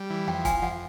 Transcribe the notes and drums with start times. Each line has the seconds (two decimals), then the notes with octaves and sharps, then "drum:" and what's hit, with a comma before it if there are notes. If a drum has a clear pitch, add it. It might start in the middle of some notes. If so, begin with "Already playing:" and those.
Already playing: G3
0.10 E3
0.27 F2 G5
0.45 F3 G#5, drum: kick, hi-hat
0.62 F2 F#5